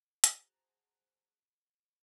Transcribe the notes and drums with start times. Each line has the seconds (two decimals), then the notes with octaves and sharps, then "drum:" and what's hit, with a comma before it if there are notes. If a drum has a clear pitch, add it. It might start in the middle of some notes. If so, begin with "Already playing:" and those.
0.24 F#4 G#4 C5 A5 A#5, drum: hi-hat